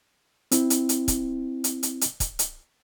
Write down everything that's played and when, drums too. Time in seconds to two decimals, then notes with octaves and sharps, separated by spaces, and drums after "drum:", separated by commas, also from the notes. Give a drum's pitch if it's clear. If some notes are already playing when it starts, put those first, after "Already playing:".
0.51 C4 E4, drum: hi-hat
0.70 drum: hi-hat
0.89 drum: hi-hat
1.08 drum: kick, hi-hat
1.64 drum: hi-hat
1.83 drum: hi-hat
2.01 drum: hi-hat
2.20 drum: kick, hi-hat
2.39 drum: hi-hat